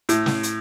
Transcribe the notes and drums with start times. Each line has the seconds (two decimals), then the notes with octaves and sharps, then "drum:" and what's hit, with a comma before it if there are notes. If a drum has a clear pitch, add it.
0.09 A2, drum: hi-hat
0.26 drum: snare
0.43 drum: hi-hat